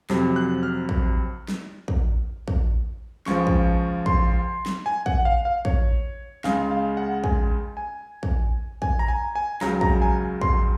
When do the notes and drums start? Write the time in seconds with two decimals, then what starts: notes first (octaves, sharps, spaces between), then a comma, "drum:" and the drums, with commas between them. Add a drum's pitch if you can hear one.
0.10 F2 C3 F#3, drum: snare
0.36 F#6
0.63 F6
0.89 drum: kick
1.48 drum: snare
1.88 drum: kick
2.48 drum: kick
3.26 C#2 C#3 F3 C#6, drum: snare
3.47 drum: kick
4.06 C6, drum: kick
4.66 drum: snare
4.86 G#5
5.06 F#5, drum: kick
5.25 F5
5.45 F5
5.65 C#5, drum: kick
6.44 C#2 C#3 G#3 F5, drum: snare
6.71 F5
6.97 F#5
7.24 G#5, drum: kick
7.77 G#5
8.23 drum: kick
8.82 G#5, drum: kick
8.99 A#5
9.08 G#5
9.35 G#5
9.61 C#2 C#3 F#3 A#5, drum: snare
9.81 A#5, drum: kick
10.02 G#5
10.41 C6, drum: kick